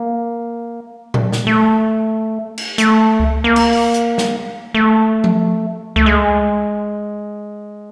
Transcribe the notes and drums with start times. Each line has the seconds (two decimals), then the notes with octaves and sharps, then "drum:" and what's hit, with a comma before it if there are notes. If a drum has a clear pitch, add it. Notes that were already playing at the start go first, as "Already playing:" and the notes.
Already playing: A#3
1.14 drum: tom A#2
1.32 drum: snare
1.47 A3
2.58 drum: cymbal
2.78 A3, drum: hi-hat
3.20 drum: kick C#2
3.44 A#3
3.56 drum: cymbal
3.72 drum: open hi-hat
3.94 drum: hi-hat
4.18 drum: snare
4.74 A3
5.24 drum: tom F3
5.96 A3, drum: kick C#2
6.06 G#3